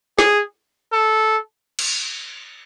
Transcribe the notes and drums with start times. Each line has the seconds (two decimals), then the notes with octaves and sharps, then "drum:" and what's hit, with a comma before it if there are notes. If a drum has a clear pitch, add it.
0.19 G#4, drum: snare
0.93 A4
1.79 drum: cymbal